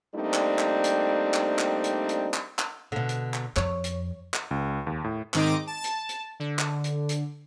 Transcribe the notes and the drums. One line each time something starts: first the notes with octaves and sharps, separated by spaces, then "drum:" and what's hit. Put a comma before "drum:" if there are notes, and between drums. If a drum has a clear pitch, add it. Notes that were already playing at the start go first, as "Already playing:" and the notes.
G3 A3 A#3 C4 D4 D#4
drum: clap
drum: clap
drum: hi-hat
drum: clap
drum: clap
drum: hi-hat
drum: hi-hat
drum: clap
drum: clap
B2 D3
drum: hi-hat
drum: clap
F2 C#5, drum: clap
drum: hi-hat
drum: clap
C#2
D#2
A2
G#2 D#3 C4 D#4 D#5 D6, drum: clap
A5
drum: hi-hat
drum: hi-hat
D3
drum: clap
drum: hi-hat
drum: hi-hat